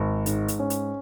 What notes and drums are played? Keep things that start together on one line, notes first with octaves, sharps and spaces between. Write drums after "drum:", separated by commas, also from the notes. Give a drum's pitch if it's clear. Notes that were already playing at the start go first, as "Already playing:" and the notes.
Already playing: G#1
G#2, drum: hi-hat
drum: hi-hat
C#4
drum: hi-hat